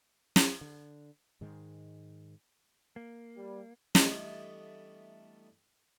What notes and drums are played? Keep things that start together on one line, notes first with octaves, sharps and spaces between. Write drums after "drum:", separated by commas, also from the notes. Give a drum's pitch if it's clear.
drum: snare
D3
G#2 D#3 G#3
A#3
G3
E3 G3 A3 B3 D4 D#4, drum: snare